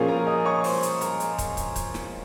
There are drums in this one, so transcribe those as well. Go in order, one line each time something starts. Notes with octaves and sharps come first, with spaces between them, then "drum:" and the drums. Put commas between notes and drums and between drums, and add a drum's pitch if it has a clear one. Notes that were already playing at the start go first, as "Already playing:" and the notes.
Already playing: A#2 F3 A#3 C#4 G#4 G#5
A#4 A#5
D#5 D#6
C#5 C#6
C5 C6, drum: open hi-hat
drum: hi-hat
A#4 A#5, drum: hi-hat
drum: hi-hat
drum: kick, hi-hat
drum: kick, hi-hat
drum: kick, hi-hat
drum: snare